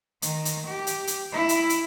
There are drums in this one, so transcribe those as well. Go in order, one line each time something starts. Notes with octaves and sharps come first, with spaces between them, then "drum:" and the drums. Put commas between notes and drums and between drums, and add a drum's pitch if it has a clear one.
D#3, drum: hi-hat
drum: hi-hat
G4
drum: hi-hat
drum: hi-hat
E4
drum: hi-hat
drum: hi-hat